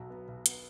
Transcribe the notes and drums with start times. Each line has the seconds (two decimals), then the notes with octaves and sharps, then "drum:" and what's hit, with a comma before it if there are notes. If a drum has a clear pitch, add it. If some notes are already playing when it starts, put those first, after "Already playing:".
Already playing: B1 F#3
0.10 B3
0.28 B1
0.46 B3, drum: hi-hat